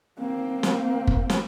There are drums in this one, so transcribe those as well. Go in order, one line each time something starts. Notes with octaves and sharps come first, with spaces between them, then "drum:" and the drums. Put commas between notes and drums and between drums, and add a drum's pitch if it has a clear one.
A#3 C4
drum: snare
drum: kick
drum: snare